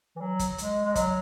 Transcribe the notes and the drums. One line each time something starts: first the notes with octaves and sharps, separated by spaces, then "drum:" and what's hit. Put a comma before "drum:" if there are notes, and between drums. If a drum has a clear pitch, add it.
E3
F#3
drum: kick, hi-hat
G#3, drum: hi-hat
G#3
F#3, drum: kick, hi-hat